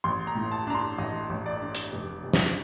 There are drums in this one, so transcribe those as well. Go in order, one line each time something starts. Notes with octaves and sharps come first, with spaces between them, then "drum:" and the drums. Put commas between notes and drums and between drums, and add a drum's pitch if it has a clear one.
A1 C6
A#5
A2
A5
D4 A#5
C6
A1 D#5
A1
D5
D4
drum: hi-hat
F1
F1
drum: snare